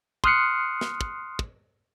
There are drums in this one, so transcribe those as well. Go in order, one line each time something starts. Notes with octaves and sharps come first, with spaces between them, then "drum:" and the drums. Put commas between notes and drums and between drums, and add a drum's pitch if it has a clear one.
C6 D#6 F6 F#6 C7 C#7, drum: kick
drum: snare
drum: kick
drum: kick